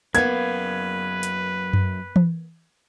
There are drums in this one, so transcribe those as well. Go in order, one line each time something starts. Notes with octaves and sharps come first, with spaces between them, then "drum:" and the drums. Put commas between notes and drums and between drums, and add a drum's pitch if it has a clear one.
F#2 A#3 B3 B4 F5 G#6, drum: hi-hat
drum: hi-hat
drum: tom F#2
drum: tom E3